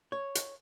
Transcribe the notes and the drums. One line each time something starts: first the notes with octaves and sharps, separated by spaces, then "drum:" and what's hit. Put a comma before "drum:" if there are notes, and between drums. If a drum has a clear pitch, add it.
C#5
drum: hi-hat